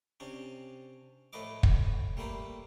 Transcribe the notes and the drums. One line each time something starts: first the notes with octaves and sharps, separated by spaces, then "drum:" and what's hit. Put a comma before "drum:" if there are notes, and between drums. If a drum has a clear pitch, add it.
C3 C#4 D4
A2 F3 A3 B4 D#5 D6
drum: kick
G3 A3 A#3 B4 C5